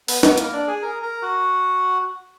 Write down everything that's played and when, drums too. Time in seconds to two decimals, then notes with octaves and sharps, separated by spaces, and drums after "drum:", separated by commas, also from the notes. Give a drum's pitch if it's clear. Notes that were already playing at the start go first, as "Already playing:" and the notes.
0.08 B3 B4, drum: open hi-hat
0.23 B3 B4, drum: snare
0.37 A#3 A#4, drum: hi-hat
0.53 D4 D5
0.67 G#4 G#5
0.82 A#4 A#5
1.02 A#4 A#5
1.22 F#4 F#5